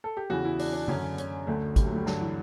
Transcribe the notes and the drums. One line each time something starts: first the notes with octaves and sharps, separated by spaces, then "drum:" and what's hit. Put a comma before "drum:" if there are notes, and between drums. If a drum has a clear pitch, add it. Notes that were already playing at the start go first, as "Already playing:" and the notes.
A4
G4
E2 C#3 E3 F#4
E4
D4, drum: open hi-hat
D4
F#2 D3 C#4, drum: tom C#3
C#4, drum: hi-hat
D2 D3 A3
G3, drum: kick, hi-hat
F#3
A3
G3
G2 D3 F#3, drum: snare
E3